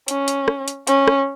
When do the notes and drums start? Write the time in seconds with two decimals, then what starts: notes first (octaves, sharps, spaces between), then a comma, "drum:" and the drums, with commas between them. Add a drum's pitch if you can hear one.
0.08 C#4, drum: hi-hat
0.28 drum: hi-hat
0.48 drum: rim click
0.68 drum: hi-hat
0.87 C#4, drum: hi-hat
1.08 drum: rim click